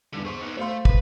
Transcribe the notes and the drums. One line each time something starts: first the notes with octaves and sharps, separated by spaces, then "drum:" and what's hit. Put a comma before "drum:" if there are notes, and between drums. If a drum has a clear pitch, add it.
E2 G2 D3
G#4 C5 C#6
B3 D#4
A3 C5 F5 C6
B4, drum: kick